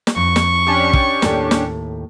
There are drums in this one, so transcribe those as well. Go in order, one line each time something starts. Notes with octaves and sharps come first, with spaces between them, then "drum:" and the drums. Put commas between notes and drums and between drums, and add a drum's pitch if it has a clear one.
drum: snare
F2 C#6
drum: snare
C#4 D4 G4
drum: kick
D#2 A2 A4, drum: snare
drum: snare